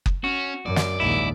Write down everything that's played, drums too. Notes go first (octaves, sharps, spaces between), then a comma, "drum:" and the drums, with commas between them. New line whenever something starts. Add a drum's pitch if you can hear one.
drum: kick F#1
C#4 F#4
F#2 D5
drum: snare
A#1 D#2 G#2 E4